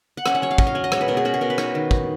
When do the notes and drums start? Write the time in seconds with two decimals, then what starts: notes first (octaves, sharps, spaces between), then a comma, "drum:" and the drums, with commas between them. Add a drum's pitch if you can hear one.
0.17 F#5
0.26 C#4 G#5, drum: rim click
0.35 F#5
0.42 F#3 C#5
0.51 F5
0.58 C#4 D#5, drum: kick
0.67 F5
0.75 F#3 G#5
0.84 D#5
0.92 G#3 C#5, drum: rim click
1.01 B4
1.08 B2 A#4
1.17 G#4
1.25 C#4 F#4
1.34 G#4
1.41 B2 A#4
1.50 B4
1.58 D#4 C#5, drum: rim click
1.75 D#3
1.91 D#4, drum: kick